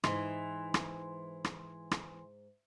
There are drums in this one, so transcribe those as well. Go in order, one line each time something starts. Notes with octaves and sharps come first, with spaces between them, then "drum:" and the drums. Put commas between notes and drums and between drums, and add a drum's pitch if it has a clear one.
G#2 E3 E4 D#5 C6, drum: rim click
drum: rim click
drum: rim click
drum: rim click